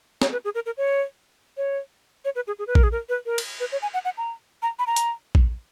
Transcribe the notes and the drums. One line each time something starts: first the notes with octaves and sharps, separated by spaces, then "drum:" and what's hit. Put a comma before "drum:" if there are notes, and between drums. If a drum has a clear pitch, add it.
C#5, drum: snare
B4
G#4
A#4
A#4
C#5
C#5
C#5
B4
G#4
G#4
B4
A#4, drum: kick A#1
G#4
A#4
B4
A#4
drum: cymbal
B4
C#5
G#5
F#5
F#5
A#5
A#5
B5
A#5
drum: hi-hat
drum: kick A#1